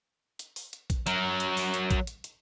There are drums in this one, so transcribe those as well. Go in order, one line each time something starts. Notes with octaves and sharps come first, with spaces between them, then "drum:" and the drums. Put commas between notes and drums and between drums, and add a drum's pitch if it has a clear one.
drum: hi-hat
drum: open hi-hat
drum: hi-hat
drum: kick, hi-hat
F#3 A#4, drum: hi-hat
drum: hi-hat
drum: open hi-hat
drum: hi-hat
drum: kick, hi-hat
drum: hi-hat
drum: hi-hat